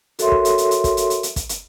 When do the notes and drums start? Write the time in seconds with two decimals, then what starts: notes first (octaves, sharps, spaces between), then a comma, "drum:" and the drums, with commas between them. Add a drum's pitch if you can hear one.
0.19 F#4 A4 A#4 C#5 E5 C6, drum: hi-hat
0.32 drum: kick
0.45 drum: hi-hat
0.58 drum: hi-hat
0.71 drum: hi-hat
0.84 drum: kick, hi-hat
0.97 drum: hi-hat
1.10 drum: hi-hat
1.23 drum: hi-hat
1.36 drum: kick, hi-hat
1.49 drum: hi-hat